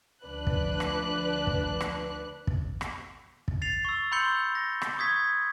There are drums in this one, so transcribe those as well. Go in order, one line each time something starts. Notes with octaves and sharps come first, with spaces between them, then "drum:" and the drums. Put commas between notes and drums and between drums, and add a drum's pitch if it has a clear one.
D2 F3 D4 B4 F#6
drum: kick
drum: rim click
drum: kick
drum: rim click
drum: kick
drum: rim click
drum: kick
A6 C7 F7
C#6 E6
B5 C6 E6 G6 C#7 G7
A#6
drum: rim click
C#6 D#6 G#6 B6